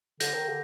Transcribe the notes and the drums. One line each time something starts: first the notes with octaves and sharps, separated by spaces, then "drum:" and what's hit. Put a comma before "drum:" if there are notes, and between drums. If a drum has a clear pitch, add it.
D3 G6 A#6, drum: hi-hat
D#3
D3